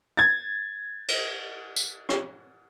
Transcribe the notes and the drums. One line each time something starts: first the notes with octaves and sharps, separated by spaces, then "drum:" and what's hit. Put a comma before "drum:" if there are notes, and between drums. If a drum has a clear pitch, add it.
G#6 A6
drum: cymbal
drum: tambourine
drum: rim click